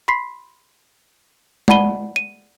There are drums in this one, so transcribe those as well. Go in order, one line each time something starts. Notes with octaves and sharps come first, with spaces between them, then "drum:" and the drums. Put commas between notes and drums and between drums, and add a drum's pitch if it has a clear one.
B5 C6 B6 C7
D5 F#5 A5 B5 D#7 G7, drum: tom G#3
D#7